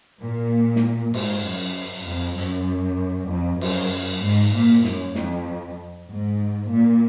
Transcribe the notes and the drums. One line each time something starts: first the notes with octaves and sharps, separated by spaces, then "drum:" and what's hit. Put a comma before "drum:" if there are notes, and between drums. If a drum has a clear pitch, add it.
A#2
drum: snare
G#2, drum: cymbal
F#2
F2
F#2, drum: hi-hat
F2
F#2, drum: cymbal
G#2
A#2
F#2, drum: snare
F2, drum: snare
G#2
A#2